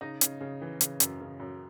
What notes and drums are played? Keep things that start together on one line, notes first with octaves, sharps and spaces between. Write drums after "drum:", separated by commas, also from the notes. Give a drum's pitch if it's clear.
C#3 D#4 D#5
C#3, drum: hi-hat
C#3
E3
C#3, drum: hi-hat
F#2, drum: hi-hat
C#3
F#2